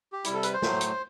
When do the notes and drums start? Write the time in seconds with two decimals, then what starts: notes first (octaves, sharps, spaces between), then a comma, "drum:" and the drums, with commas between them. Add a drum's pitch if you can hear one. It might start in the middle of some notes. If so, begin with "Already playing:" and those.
0.13 G4
0.24 C3 G3 E4, drum: hi-hat
0.34 A4
0.43 B4, drum: hi-hat
0.53 C5
0.62 A2 F#3 A3, drum: snare
0.81 drum: hi-hat